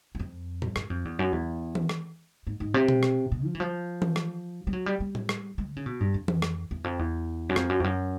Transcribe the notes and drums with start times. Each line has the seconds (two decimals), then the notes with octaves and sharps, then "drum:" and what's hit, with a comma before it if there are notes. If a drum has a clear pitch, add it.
0.15 E2
0.19 F2
0.62 drum: tom A2
0.76 F#2, drum: rim click
0.90 F2
1.05 E2
1.19 F#2
1.32 E2
1.75 drum: tom E3
1.89 drum: rim click
2.47 G#2
2.60 G#2
2.74 C3
2.89 drum: tom B2
3.03 drum: rim click
3.32 B2
3.45 F3
3.55 E3
3.60 F3
4.02 drum: tom E3
4.16 drum: rim click
4.67 G3
4.73 F#3
4.86 G3
5.00 G3
5.15 drum: tom A2
5.29 drum: rim click
5.58 G#3
5.66 D3
5.76 C#3
5.86 B2
6.00 G2
6.14 F2
6.28 drum: tom E3
6.42 drum: rim click
6.71 E2
6.84 F2
6.99 E2
7.49 F#2
7.56 F2, drum: rim click
7.69 F#2
7.80 F2
7.84 F#2